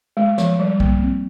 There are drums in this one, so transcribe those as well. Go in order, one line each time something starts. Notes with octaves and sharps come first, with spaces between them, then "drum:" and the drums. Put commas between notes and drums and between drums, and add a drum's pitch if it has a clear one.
G#3
F3, drum: snare
G3
A#3, drum: kick B1
C4